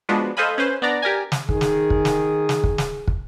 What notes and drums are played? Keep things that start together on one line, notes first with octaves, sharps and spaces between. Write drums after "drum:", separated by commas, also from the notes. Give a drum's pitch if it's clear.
F3 G#3 B3 D4 F#4
A4 C5 D#5 F5 G#5 B5
C#4 B4 C5
B3 D4 D5 A#5
G4 A#4 D5 G#5
drum: snare
D#3 G#4, drum: kick
drum: snare
drum: kick
drum: snare
drum: snare
drum: kick
drum: snare
drum: kick